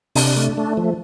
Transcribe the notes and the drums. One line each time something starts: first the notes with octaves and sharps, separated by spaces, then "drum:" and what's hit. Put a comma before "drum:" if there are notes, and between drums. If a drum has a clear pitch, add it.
C3 D4, drum: open hi-hat
A3
A3
F3